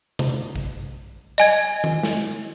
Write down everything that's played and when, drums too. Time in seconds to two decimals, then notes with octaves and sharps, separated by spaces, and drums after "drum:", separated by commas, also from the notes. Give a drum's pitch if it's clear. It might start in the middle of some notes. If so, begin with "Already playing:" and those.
0.19 drum: tom C3
0.56 drum: kick
1.38 D#5 G#5 G#6, drum: hi-hat
1.84 drum: tom D#3
2.03 drum: snare